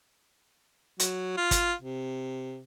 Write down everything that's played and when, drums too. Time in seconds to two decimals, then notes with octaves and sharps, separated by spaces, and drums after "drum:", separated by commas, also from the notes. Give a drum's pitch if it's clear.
1.00 F#3, drum: hi-hat
1.37 F4
1.51 drum: kick, hi-hat
1.82 C3